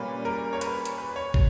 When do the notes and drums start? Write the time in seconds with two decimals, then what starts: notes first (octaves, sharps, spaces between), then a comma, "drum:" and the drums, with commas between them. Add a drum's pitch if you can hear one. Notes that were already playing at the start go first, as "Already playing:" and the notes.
Already playing: A#2 G3 A#3 C#4 B4
0.25 A#4
0.53 C#5
0.61 B4, drum: hi-hat
0.85 drum: hi-hat
0.98 B4
1.16 C#5
1.34 drum: kick